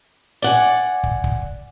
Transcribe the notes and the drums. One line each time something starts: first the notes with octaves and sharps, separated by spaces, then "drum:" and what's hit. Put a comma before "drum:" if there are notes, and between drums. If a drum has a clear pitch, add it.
D5 F#5 G#5
drum: kick
drum: kick